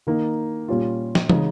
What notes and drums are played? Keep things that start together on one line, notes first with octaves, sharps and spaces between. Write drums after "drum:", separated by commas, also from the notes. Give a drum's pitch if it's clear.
D#3 A#3 D#4
A#2 G3 C#4 F4
drum: snare
C#3 G#3 D#4, drum: tom